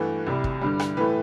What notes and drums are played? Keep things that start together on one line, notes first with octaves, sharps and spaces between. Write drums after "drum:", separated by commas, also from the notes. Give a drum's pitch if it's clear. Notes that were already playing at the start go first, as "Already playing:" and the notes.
Already playing: G2 E3 A3 F#4
C2 C3 G3
drum: kick
G2 D3 G3
drum: rim click
A2 E3 A3 B4